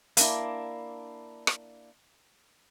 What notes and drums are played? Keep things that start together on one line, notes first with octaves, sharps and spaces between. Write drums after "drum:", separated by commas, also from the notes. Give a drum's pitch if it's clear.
A#3 D4 E4, drum: hi-hat
drum: rim click